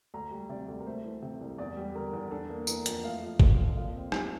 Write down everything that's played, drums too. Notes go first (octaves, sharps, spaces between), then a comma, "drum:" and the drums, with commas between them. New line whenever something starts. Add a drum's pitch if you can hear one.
D2 A#5
G3
C3 D5
D2
A#4
A3 C5
E3
C3
C2
E2 D5
G3
D3 A#4
E2
D4 A4
A#3
E3 A#4, drum: tambourine
F2, drum: hi-hat
A3 F5
F3
D3, drum: kick
F2
A#2 F5
C4
F3 A5, drum: rim click